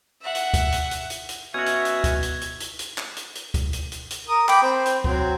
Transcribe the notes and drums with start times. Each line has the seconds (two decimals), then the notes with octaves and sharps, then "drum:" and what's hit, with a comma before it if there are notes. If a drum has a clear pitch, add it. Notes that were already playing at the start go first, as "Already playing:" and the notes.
0.21 E5 F#5
0.35 drum: hi-hat
0.54 drum: kick, hi-hat
0.72 drum: hi-hat
0.91 drum: hi-hat
1.10 drum: hi-hat
1.29 drum: hi-hat
1.54 B2 C#4 F#4 E5 G#6
1.66 drum: hi-hat
1.85 drum: hi-hat
2.04 drum: kick, hi-hat
2.23 drum: hi-hat
2.41 drum: hi-hat
2.60 drum: hi-hat
2.79 drum: hi-hat
2.98 drum: clap
3.17 drum: hi-hat
3.35 drum: hi-hat
3.54 drum: kick, hi-hat
3.73 drum: hi-hat
3.92 drum: hi-hat
4.10 drum: hi-hat
4.28 A#4 D#6
4.49 G5 B5 D6, drum: clap
4.63 C4 C5
4.86 drum: hi-hat
5.04 F#3 C4, drum: kick